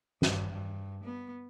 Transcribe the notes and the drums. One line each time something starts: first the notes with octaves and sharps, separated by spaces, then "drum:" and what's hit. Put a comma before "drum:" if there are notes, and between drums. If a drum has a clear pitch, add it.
G2, drum: snare
G2
B3